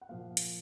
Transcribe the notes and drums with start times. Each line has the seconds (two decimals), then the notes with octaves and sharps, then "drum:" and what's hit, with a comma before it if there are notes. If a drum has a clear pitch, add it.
0.01 F#5
0.09 A#2 F3 A#3 F5
0.37 drum: hi-hat